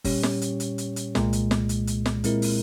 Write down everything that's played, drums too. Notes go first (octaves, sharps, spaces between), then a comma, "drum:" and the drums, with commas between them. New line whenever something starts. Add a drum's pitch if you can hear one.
A#2 G3 C#4 G4 C#5, drum: kick F#1, open hi-hat
drum: snare
drum: hi-hat
drum: hi-hat
drum: hi-hat
drum: hi-hat
C2 A#2 G#3, drum: snare
drum: hi-hat
drum: snare
drum: hi-hat
drum: hi-hat
drum: snare
A#2 G#3 C4 E4 A#4, drum: hi-hat
drum: open hi-hat